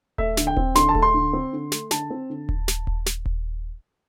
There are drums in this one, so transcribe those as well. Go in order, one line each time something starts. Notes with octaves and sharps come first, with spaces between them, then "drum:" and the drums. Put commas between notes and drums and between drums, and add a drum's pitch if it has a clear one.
A3 E5, drum: kick D#1
D3, drum: snare
G5
C4, drum: kick D#1
D3 C6, drum: snare
A5
A3, drum: kick D#1
C6
D3
C4
D3
A3, drum: snare
D3 A5, drum: snare
C4
D3
drum: kick D#1
drum: snare
drum: kick D#1
drum: snare
drum: kick D#1